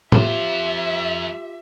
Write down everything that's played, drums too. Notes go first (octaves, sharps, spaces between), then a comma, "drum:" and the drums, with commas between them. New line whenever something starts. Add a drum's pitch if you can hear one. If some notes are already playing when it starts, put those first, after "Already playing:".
F2 F4 G4 C5 E5, drum: tom A2